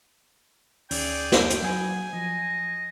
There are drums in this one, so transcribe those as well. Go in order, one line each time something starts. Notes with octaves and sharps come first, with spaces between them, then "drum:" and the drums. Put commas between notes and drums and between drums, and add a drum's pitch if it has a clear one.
D2 D#3 C#4 G#4 D5 G5, drum: open hi-hat
drum: snare
drum: hi-hat
F#3 B3 F#4 G#4 F#5 G#5
F3 D#5